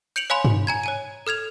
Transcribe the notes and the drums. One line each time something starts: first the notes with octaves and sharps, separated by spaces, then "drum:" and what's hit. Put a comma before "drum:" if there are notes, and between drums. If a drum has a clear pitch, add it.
G6 C#7 D7 F7 F#7
C#5 F5 G#5 B5 C6
drum: tom G2
G#5 A#5 G#6
C#5 G#5 D#7
A4 F6 G#6 F7